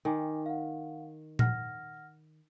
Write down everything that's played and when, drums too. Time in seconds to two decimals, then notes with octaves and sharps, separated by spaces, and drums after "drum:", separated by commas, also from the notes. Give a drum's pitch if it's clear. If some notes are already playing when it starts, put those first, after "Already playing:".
0.05 D#3 G5 G#5 D6
0.46 F5 F#5
1.39 F#5 F6 A#6, drum: tom A#2